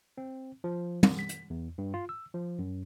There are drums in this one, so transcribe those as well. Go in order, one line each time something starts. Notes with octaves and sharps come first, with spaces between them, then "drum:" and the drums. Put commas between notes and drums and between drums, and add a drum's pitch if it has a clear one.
C4
F3
drum: tom
B6
drum: hi-hat
E2
G2
F4
E6
F3
F#2